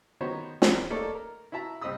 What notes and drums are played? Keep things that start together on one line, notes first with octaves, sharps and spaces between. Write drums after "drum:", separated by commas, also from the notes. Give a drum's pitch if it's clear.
D#3 B3 D#4 F#4 C5 C#5
E3 A#3, drum: snare
A3 A#3 D#4 A4 C#5 D5
A#4
E4 F#4 E5 A5 A#5
C2 C4 D#5 B5 D#6 E6